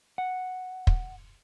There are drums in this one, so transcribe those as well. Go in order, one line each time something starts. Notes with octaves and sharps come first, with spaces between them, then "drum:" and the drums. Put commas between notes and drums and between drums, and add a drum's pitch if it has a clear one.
F#5
drum: kick